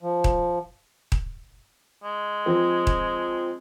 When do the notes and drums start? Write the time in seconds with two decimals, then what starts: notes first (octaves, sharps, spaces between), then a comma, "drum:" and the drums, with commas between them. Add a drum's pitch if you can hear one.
0.02 F3
0.24 drum: kick D#1
1.12 drum: kick D#1
2.04 G#3
2.46 F3 C4
2.87 drum: kick D#1